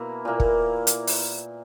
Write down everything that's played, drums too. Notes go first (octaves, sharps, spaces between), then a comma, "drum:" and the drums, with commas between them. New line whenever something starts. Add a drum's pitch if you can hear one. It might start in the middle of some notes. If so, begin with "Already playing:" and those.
Already playing: B2 A#3 E4 A#5
A#2 A#3 E4
drum: kick
drum: hi-hat
drum: open hi-hat